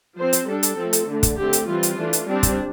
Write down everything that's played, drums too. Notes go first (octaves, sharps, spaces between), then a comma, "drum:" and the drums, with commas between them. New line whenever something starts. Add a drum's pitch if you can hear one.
F3 C4 C5
drum: hi-hat
G3 D4 A4
drum: hi-hat
F3 A3 C4
drum: hi-hat
D3 A3 D4
drum: kick, hi-hat
D3 A3 C4 G4
drum: hi-hat
E3 G3 C4 F4
drum: hi-hat
E3 A3 D4
drum: hi-hat
G3 C4 D4
drum: kick, hi-hat